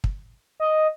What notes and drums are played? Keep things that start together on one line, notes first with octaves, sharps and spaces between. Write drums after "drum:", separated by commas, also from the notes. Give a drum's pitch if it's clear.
drum: kick
D#5